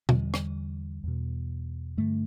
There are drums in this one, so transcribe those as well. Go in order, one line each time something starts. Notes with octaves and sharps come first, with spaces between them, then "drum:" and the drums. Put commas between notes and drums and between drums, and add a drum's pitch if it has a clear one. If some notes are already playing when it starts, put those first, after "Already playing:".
E2 D3 G3, drum: tom B2
drum: rim click
E2 B2
G2 D3 A3